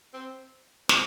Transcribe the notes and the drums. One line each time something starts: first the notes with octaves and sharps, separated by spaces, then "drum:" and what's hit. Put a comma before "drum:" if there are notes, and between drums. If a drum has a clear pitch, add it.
C4
C4, drum: snare